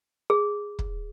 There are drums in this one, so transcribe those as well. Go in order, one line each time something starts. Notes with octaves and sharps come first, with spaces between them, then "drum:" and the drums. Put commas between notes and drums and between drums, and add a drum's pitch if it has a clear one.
G#4
drum: kick